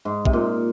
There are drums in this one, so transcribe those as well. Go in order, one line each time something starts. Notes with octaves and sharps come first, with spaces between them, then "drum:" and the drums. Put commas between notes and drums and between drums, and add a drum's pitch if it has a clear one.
G#2
C3, drum: kick
A#2